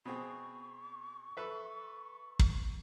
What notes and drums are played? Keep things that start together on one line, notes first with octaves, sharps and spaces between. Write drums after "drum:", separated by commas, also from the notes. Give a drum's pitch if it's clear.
B2 C4 G#4 C#6
A4 B4 E5
drum: kick